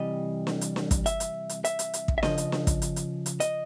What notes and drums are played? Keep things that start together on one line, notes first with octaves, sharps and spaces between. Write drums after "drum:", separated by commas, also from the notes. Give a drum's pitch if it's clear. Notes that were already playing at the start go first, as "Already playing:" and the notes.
Already playing: C3 E3 G3 D#5
drum: snare
drum: hi-hat
drum: snare
drum: kick, hi-hat
E5, drum: hi-hat
drum: hi-hat
drum: hi-hat
E5, drum: hi-hat
drum: hi-hat
drum: hi-hat
drum: kick
E5
C#3 F3 D#5, drum: snare
drum: hi-hat
drum: snare
drum: kick, hi-hat
drum: hi-hat
drum: hi-hat
drum: hi-hat
D#5, drum: hi-hat